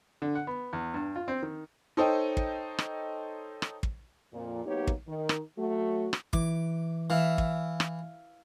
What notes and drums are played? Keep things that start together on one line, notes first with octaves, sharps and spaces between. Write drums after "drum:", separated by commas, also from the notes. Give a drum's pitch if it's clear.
D3
F#5
B3
E2
G2
F4
C4
D#3
D#4 A4 C5 C#5 D#5 G5
drum: kick
drum: rim click
drum: rim click
drum: kick
F2 A#2
F#3 A#3 B3 D#4 G4 C#5
drum: kick
D#3
drum: rim click
F#3 A3 F#4
drum: rim click
E3 D6, drum: kick
E3 E5 F5
drum: kick
drum: rim click